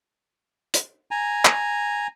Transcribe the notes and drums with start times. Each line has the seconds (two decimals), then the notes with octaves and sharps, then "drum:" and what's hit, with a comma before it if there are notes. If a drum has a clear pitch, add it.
0.74 drum: hi-hat
1.11 G#5 A#5
1.45 drum: clap